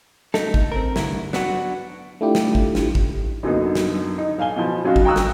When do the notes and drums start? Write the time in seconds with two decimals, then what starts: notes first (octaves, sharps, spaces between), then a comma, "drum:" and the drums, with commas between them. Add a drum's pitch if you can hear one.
0.34 A3 D#4 A4, drum: snare
0.54 drum: kick
0.72 C4 A#4
0.96 C2 G2 D3 A3 E4 A#4, drum: snare
1.33 F#3 B3 D4 F#4, drum: snare
2.21 A3 D4 E4 F4 G4
2.35 drum: snare
2.55 drum: kick
2.75 drum: snare
2.95 drum: kick
3.43 F#2 D3 F#3 A#3 B3 D#4
3.75 drum: snare
4.18 D#4
4.38 B1 F5 G#5 G7
4.56 B2 F3
4.85 F#3 C#4 D#4 F4 F#4
4.96 drum: kick
5.05 G5 A#5 C#6 D#6 E6 F#6
5.16 drum: snare